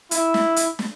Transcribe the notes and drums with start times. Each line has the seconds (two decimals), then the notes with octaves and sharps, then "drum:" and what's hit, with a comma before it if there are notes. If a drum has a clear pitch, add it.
0.11 E4, drum: hi-hat
0.34 drum: snare
0.56 drum: hi-hat
0.79 drum: snare